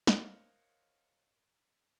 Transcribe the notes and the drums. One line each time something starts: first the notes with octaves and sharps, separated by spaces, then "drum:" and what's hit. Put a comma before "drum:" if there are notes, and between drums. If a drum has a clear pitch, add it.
A#4 C5 C#5 D#5 F5 F#5, drum: snare